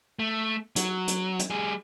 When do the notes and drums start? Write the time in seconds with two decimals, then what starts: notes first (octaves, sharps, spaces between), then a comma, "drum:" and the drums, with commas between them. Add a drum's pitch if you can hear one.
0.19 A3
0.76 F#3, drum: hi-hat
1.08 drum: hi-hat
1.39 drum: hi-hat
1.50 G3 G#4